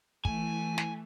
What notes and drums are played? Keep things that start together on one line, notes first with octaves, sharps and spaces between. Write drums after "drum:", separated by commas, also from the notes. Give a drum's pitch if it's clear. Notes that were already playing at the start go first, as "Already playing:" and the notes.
E3 A3 G#5, drum: kick
drum: snare